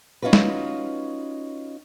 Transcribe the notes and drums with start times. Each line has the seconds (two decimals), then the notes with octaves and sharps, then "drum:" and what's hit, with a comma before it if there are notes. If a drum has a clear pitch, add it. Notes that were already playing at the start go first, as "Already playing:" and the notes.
0.22 C#4 D#4 F4 F#4 B4
0.33 drum: snare